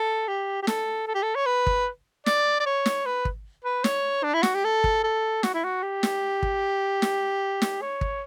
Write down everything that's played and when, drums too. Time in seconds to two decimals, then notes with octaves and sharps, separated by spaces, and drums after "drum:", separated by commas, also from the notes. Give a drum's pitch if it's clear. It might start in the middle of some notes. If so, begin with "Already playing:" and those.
Already playing: A4
0.28 G4
0.62 G4
0.67 A4, drum: snare
1.07 A4
1.15 G4
1.23 A4
1.35 C#5
1.46 B4
1.67 drum: kick
2.26 D5, drum: snare
2.60 D5
2.66 C#5
2.86 drum: snare
3.06 B4
3.25 drum: kick
3.65 B4
3.84 C#5, drum: snare
4.24 D4
4.34 E4
4.43 F#4, drum: snare
4.54 G4
4.64 A4
4.84 drum: kick
5.04 A4
5.43 F#4, drum: snare
5.54 E4
5.65 F#4
5.83 G4
6.03 drum: snare
6.43 drum: kick
7.02 drum: snare
7.62 drum: snare
7.82 C#5
8.01 drum: kick